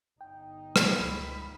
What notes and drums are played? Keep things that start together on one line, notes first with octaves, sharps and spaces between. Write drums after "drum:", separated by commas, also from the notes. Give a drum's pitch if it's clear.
G1 D#4 G5
drum: rim click
C#2 B5